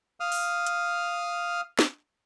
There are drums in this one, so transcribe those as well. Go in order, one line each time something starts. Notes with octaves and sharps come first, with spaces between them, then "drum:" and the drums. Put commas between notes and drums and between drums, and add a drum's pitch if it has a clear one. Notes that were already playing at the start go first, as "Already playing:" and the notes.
F5 D#6 F6
drum: open hi-hat
drum: hi-hat
drum: snare